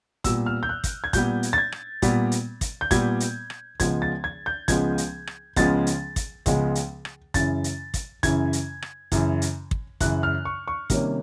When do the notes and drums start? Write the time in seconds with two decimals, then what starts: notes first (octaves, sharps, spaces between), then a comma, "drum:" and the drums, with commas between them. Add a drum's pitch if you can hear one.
0.24 A#2 G3 B3 E6, drum: kick, hi-hat
0.46 F6
0.63 G6
0.69 F#6
0.84 drum: kick, hi-hat
1.04 G#6
1.13 A#2 G3 B3 G6, drum: kick, hi-hat
1.43 drum: hi-hat
1.53 A6
1.58 G#6
1.72 drum: rim click
2.02 A#2 G3 B3, drum: kick, hi-hat
2.32 drum: hi-hat
2.61 drum: kick, hi-hat
2.81 G6
2.91 A#2 G3 B3 G#6, drum: kick, hi-hat
3.20 drum: hi-hat
3.50 drum: rim click
3.80 C#2 C#3 F3 G#3 B3 G#6, drum: kick, hi-hat
4.02 A6
4.24 G#6
4.46 G6
4.68 C#2 C#3 F3 G#3 B3 G#6, drum: kick, hi-hat
4.98 drum: hi-hat
5.27 drum: rim click
5.56 C#2 C#3 F3 G#3 B3 A6, drum: kick, hi-hat
5.87 drum: hi-hat
6.16 drum: kick, hi-hat
6.46 C#2 C#3 F3 G#3 B3, drum: kick, hi-hat
6.75 drum: hi-hat
7.05 drum: rim click
7.34 F#2 C#3 E3 A6, drum: kick, hi-hat
7.64 drum: hi-hat
7.94 drum: kick, hi-hat
8.23 F#2 C#3 E3 G#6, drum: kick, hi-hat
8.53 drum: hi-hat
8.82 drum: rim click
9.12 F#2 C#3 E3, drum: kick, hi-hat
9.42 drum: hi-hat
9.71 drum: kick
10.00 F#2 C#3 E3 F#6, drum: kick, hi-hat
10.23 F6
10.45 C#6
10.68 C#6
10.90 C3 D#3 G3 A#3 C#4, drum: kick, hi-hat